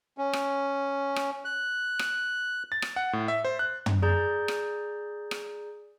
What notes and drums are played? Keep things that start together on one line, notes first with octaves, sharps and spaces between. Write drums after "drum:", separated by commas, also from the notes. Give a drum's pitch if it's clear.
C#4
drum: rim click
drum: rim click
F#6
drum: rim click
A6
drum: rim click
F#5
A2
E5
C5
F#6
drum: tom
G#4 D5 A#5 G6
drum: rim click
drum: rim click